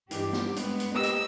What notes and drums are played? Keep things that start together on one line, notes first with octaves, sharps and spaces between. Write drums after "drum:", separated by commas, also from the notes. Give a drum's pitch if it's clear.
G2 E3 D4 D#4 G4, drum: hi-hat
drum: snare B3
G2 G#3 B3, drum: hi-hat
drum: hi-hat
A#3 G4 B4 D#5 E6
drum: hi-hat